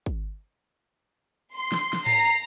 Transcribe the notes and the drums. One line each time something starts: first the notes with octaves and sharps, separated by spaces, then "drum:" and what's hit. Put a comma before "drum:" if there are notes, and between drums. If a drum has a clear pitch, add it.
drum: kick
C6
drum: snare
drum: snare
A#5 C7, drum: tom G#2